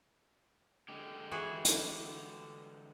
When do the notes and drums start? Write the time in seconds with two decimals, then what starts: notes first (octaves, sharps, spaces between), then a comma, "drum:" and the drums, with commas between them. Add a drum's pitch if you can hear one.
0.88 D3 G#3 G4
1.31 E3 F#4 G#4
1.65 drum: hi-hat